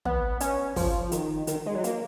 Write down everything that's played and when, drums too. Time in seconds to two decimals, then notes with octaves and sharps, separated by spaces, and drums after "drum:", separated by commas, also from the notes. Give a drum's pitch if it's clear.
0.05 B3, drum: tom
0.40 C#4, drum: hi-hat
0.76 F3, drum: kick, open hi-hat
1.12 D#3, drum: hi-hat
1.47 D#3, drum: hi-hat
1.66 G#3
1.75 F#3
1.84 A#3, drum: hi-hat